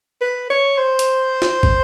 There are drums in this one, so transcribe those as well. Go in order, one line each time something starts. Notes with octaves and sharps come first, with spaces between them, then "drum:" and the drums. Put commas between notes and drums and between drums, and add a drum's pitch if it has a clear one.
B4
C#5
C5
drum: hi-hat
drum: snare
drum: kick